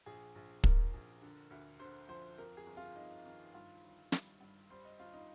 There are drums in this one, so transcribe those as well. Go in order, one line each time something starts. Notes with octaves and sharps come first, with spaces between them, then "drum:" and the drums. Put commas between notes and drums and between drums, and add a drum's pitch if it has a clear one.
A#1 G#4
A#1
A#1 A#4, drum: kick
A#1
D3
D2
D3 C5
F3 C5
F2 A#4
G#4
G1
F4
G1 D#4
D#3
G2 F4
G1
G3, drum: snare
G2
G3 C5
D#5
D#2 F4
D#4